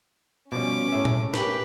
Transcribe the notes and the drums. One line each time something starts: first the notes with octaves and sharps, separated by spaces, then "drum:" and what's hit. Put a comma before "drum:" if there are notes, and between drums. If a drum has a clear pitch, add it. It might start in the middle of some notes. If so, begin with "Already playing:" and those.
B2 F3 G3 C#4 D6
A2 G#4 E5
drum: tom A#2
G4 A#4 B4, drum: snare